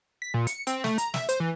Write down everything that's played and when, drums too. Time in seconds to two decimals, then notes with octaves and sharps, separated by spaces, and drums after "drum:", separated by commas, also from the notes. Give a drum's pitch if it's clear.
0.22 B6
0.34 A#2
0.47 C#7, drum: hi-hat
0.67 C4, drum: hi-hat
0.84 A3, drum: snare
0.98 A#5, drum: hi-hat
1.14 E5, drum: snare
1.29 C5, drum: hi-hat
1.40 E3